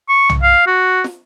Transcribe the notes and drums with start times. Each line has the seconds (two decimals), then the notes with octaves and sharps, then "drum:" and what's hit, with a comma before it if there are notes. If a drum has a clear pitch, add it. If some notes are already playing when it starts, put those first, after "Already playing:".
0.09 C#6
0.29 drum: tom B1
0.43 F5
0.67 F#4
1.04 drum: snare